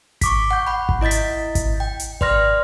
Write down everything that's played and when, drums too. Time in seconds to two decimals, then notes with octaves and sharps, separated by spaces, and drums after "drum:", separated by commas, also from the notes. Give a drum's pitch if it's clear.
0.21 C#6 D6 B6, drum: kick G#1, hi-hat
0.51 F#5 G6
0.67 F#5 B5
0.89 drum: kick G#1
1.01 E4 D#5 G6 A6 B6
1.11 drum: hi-hat
1.55 drum: kick G#1, hi-hat
1.80 G5
2.00 drum: hi-hat
2.21 B4 D5 C6 F6 A#6, drum: kick G#1